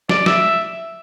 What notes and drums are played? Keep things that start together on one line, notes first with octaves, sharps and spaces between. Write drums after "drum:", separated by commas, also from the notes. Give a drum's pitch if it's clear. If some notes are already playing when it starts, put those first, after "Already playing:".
D5, drum: snare
E5, drum: snare